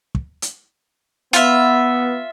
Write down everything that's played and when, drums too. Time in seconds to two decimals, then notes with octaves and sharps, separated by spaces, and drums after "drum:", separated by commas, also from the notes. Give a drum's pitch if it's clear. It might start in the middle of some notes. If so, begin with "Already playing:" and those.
0.15 drum: kick
0.42 drum: hi-hat
1.33 B3 F4 E5, drum: hi-hat